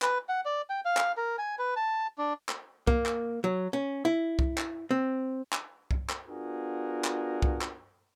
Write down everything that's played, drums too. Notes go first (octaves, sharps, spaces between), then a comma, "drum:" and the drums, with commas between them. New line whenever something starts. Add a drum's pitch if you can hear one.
B4, drum: clap
F#5
D5
G5
F5
drum: clap
A#4
G#5
B4
A5
D4
drum: clap
A#3, drum: kick C2
drum: clap
F#3
C#4
E4
drum: kick C2
drum: clap
C4
drum: clap
drum: kick C2
drum: clap
B3 D4 F4 F#4 G#4 A#4
drum: clap
drum: kick C2
drum: clap